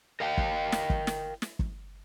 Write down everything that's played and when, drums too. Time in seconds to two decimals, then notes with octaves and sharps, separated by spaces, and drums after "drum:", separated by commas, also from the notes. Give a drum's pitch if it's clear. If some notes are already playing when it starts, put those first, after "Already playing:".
0.20 A#4 D#5 F5 G5
0.38 drum: kick
0.72 drum: snare
0.90 drum: kick
1.07 drum: snare
1.42 drum: snare
1.59 drum: kick